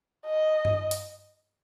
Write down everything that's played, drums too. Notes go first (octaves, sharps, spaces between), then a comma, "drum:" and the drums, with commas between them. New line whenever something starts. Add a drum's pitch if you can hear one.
D#5
drum: tom G2
drum: hi-hat